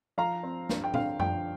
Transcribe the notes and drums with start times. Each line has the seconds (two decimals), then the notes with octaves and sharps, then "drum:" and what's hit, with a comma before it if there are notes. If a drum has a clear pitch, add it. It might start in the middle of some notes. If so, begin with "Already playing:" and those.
0.18 F3 F5 A#5
0.43 C4
0.69 G2, drum: snare
0.84 G5
0.94 D3 F5, drum: tom
1.19 F3 G5, drum: tom F#2